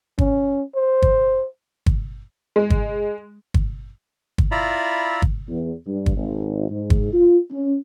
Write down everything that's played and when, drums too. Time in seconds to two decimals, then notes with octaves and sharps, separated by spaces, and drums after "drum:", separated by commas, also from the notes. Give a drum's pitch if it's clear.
0.18 C#4, drum: kick
0.75 C5
1.02 drum: kick
1.86 drum: kick
2.56 G#3
2.70 drum: kick
3.54 drum: kick
4.38 drum: kick
4.51 E4 F4 D5 E5 A#5 B5
5.22 drum: kick
5.49 E2
5.87 G2
6.06 drum: kick
6.16 G#1
6.70 G#2
6.90 drum: kick
7.14 F4
7.52 C#4